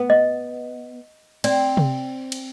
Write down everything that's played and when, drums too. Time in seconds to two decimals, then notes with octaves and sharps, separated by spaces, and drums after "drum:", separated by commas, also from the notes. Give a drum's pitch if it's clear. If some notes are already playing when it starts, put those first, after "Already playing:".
Already playing: B3
0.10 D#5
1.44 C4 D5, drum: cymbal
1.77 drum: tom C3
2.32 drum: cymbal